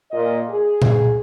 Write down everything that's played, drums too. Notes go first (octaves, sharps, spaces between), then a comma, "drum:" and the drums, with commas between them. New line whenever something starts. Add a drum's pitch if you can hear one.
A#2 D#5
G#4
drum: tom A#2